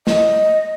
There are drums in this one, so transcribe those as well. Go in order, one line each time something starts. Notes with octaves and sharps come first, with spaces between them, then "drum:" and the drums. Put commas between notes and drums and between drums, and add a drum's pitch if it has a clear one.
D#5, drum: snare